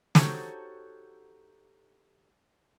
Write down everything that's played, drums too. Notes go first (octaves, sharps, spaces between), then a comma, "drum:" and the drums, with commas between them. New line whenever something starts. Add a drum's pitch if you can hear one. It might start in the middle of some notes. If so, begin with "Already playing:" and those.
D#4 F#4 G4 A4 C5 C#5, drum: snare